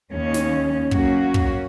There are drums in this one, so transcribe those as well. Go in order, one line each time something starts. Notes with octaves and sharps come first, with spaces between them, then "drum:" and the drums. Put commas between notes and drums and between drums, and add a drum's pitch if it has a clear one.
D#2 C#4
drum: snare
F#3 A#3 C#4 F#4, drum: kick
drum: kick